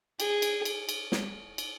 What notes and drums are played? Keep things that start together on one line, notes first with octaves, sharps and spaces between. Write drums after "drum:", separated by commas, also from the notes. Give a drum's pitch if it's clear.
G#4, drum: cymbal
drum: cymbal
drum: cymbal
drum: cymbal
drum: snare
drum: cymbal